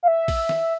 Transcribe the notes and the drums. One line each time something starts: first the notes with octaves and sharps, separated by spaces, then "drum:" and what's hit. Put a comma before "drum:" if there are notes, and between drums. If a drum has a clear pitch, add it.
F5
E5
drum: kick, open hi-hat
drum: snare